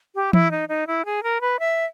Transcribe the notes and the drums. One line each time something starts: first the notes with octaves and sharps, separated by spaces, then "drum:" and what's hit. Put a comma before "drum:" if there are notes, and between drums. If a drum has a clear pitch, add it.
G4
E4, drum: tom E3
D#4
D#4
E4
G#4
A#4
B4
E5